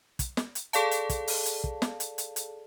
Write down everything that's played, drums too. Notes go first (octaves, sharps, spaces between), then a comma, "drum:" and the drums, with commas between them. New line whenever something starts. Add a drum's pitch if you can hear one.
drum: kick, hi-hat
drum: snare
drum: hi-hat
G#4 A4 D5 F5 A5, drum: hi-hat
drum: hi-hat
drum: kick, hi-hat
drum: open hi-hat
drum: hi-hat
drum: kick
drum: snare
drum: hi-hat
drum: hi-hat
drum: hi-hat